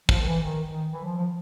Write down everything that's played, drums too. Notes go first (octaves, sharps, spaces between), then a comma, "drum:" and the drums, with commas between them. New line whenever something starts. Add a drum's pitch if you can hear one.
F3, drum: kick
D#3
E3
D#3
D#3
E3
F3
F3